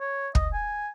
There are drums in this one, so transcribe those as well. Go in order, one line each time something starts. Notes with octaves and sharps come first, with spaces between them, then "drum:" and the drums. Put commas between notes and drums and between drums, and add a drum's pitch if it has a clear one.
C#5
D#5, drum: kick
G#5